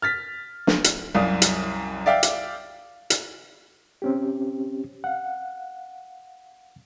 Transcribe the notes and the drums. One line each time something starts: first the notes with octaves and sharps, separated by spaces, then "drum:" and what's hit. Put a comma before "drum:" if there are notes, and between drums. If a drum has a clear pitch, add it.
F6 A6 B6
drum: snare
drum: hi-hat
C2 F#2 D5 F5 D#6
drum: hi-hat
D5 E5 F5 G5 D6
drum: hi-hat
drum: hi-hat
C4 C#4 G4
F5 F#5